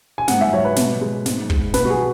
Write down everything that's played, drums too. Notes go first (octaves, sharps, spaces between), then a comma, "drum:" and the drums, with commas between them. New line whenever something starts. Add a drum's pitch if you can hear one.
G#5
G#2 F#5, drum: snare
E5
F#3 C#5
B4
B2, drum: snare
G#3
G#2, drum: snare
G#3, drum: kick
B2 B4, drum: snare
F#4
G#4